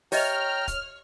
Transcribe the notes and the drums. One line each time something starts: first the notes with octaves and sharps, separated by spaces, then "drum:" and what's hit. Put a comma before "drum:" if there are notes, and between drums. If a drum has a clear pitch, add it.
G4 C#5 D#5 E5 G5 A#5 F6, drum: open hi-hat
drum: kick, hi-hat